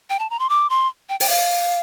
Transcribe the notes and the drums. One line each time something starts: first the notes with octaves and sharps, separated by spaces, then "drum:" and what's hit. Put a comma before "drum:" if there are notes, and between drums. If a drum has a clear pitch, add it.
G5
A5
A#5
C6
D6
C6
G5
G5, drum: open hi-hat
F5